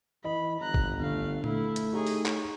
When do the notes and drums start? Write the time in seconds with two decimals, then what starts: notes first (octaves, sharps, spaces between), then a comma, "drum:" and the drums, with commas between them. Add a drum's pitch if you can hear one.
0.24 E3 D#5 B5
0.60 G1 A#5 F#6
0.74 drum: kick
1.00 D3 A3 F5
1.44 A3 E4, drum: tom A#2
1.76 drum: hi-hat
1.93 D#4 G4 G#4 C#5 A#5
2.07 drum: open hi-hat
2.26 C#5, drum: clap